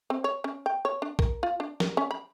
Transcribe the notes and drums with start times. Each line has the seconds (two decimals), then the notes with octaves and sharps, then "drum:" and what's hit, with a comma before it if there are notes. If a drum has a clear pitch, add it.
0.10 C4
0.24 C#5
0.44 C#4
0.66 G5
0.85 C#5
1.02 D4
1.19 A#4, drum: kick
1.43 F4
1.60 D4
1.80 A#4, drum: snare
1.97 C#4
2.11 B5